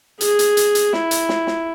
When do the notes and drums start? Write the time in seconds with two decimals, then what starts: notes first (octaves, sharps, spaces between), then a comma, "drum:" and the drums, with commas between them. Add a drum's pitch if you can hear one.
0.21 G#4, drum: hi-hat
0.39 drum: hi-hat
0.57 drum: hi-hat
0.75 drum: hi-hat
0.93 E4, drum: snare
1.11 drum: hi-hat
1.29 drum: snare
1.47 drum: snare